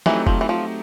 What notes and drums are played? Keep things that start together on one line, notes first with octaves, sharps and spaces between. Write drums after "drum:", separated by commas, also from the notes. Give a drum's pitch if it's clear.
E3 F#3 A3 C4 D#4 G4, drum: snare
F3, drum: kick
E3
F3